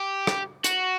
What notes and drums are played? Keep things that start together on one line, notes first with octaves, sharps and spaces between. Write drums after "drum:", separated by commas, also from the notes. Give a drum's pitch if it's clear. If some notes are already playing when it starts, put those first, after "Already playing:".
Already playing: G4
drum: rim click
F#4, drum: hi-hat